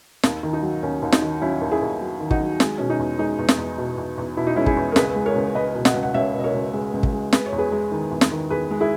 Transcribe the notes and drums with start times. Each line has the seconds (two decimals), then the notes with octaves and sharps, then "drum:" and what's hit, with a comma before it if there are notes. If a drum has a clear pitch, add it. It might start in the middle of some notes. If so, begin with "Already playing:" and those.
0.23 D#2, drum: snare
0.43 D#3
0.53 D#4
0.63 F#3
0.83 D#2 C#4
1.02 D#2
1.12 D#4, drum: snare
1.22 D#3
1.42 F#3 C#4 E4
1.61 D#2
1.71 E4 G#4
1.81 D#2
2.01 F#3
2.20 D#3
2.31 D#4 F#4, drum: kick
2.40 F#3
2.60 G#3, drum: snare
2.78 B2 C#4
2.90 D#4
2.99 E2
3.19 G#3 D#4
3.39 E2
3.49 drum: snare
3.58 E2
3.78 B2
3.98 E2
4.18 E2
4.37 B2 E4
4.47 D#4
4.56 G#3 C#4 E4
4.66 E4 G#4, drum: kick
4.77 E2
4.92 A#4
4.96 C#2 G#4 B4, drum: snare
5.16 G#3
5.26 A#4 C#5
5.35 C#2
5.55 C#2 B4 D#5
5.75 B2
5.85 D#5 F#5, drum: snare
5.94 C#2
6.03 F#5
6.14 C#2 C#5 E5
6.34 B2 D#5
6.44 A#4 C#5
6.54 C#2
6.73 G#3
6.94 C#2
7.03 drum: kick
7.13 G#3
7.33 G#3 B4, drum: snare
7.46 C#5
7.52 E2
7.58 G#4 B4
7.72 G#3
7.92 D#3
8.11 E2
8.21 drum: snare
8.31 D#3
8.50 E2 G#4 B4
8.71 G#3
8.80 E4 G#4